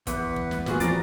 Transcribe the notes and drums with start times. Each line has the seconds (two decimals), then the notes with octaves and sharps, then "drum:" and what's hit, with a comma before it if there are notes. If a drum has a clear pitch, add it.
0.07 E2 B4 F#5, drum: kick, hi-hat
0.36 drum: kick
0.51 drum: snare
0.66 A#2 B3 F4 F#4 G#4, drum: snare
0.80 F2 F3 G3 D5 A#5 A6 D7, drum: hi-hat